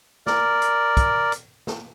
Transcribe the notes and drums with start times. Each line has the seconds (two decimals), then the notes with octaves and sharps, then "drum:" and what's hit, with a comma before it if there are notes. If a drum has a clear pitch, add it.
0.27 A#4 D5, drum: snare
0.62 drum: hi-hat
0.97 drum: kick, hi-hat
1.32 drum: hi-hat
1.67 drum: snare